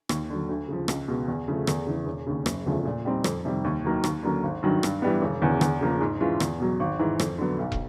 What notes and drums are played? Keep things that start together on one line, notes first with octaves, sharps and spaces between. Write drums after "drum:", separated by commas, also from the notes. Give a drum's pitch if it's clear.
D#2, drum: rim click
D3 F#3
D2
C#3 F3
C#2, drum: rim click
B2 G#3
E2
C#3 F3 A3
E2, drum: rim click
C#3 E3
E1
D#2 C#3
F#1, drum: rim click
E2 C#3 F3 A3
A#2
G3 C4 D#4
F2, drum: rim click
C3 D#3 G3
D#2
D#3 F#3 A#3 D#4
D#2, drum: rim click
D3 F#3 A#3 C#4
G#1
G2 D#3 F#3
G2, drum: rim click
E3 G3 B3
E1
E2 C#3 E3
E2, drum: rim click
C#3 F3 A#3
G#2
E3 G#3 C#4 F4
E2, drum: rim click
B2 F#3
G#1
G#2 E3
F2, drum: rim click
D3 F#3 B3
B1
drum: kick